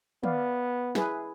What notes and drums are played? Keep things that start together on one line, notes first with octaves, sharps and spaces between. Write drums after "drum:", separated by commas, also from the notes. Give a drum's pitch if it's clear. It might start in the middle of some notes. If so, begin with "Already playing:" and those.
B3 B4 D5 F5, drum: tom
E4 G#4 B4, drum: snare